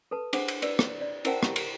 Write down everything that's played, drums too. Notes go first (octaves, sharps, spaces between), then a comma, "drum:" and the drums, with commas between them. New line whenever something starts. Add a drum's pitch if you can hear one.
A4 B4 A5
D4 G#4 C5 F#5, drum: cymbal
drum: cymbal
B4 D5 E6, drum: cymbal
drum: rim click
D5
E4 A#4 C5 F#5 G5 A5, drum: cymbal
E4 G4, drum: rim click
drum: cymbal